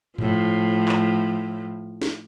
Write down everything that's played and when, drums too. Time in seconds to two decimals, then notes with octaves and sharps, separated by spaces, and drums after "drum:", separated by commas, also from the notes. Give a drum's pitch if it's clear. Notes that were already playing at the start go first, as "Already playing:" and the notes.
0.18 A2 F3, drum: tom G2
0.89 drum: clap
2.02 drum: snare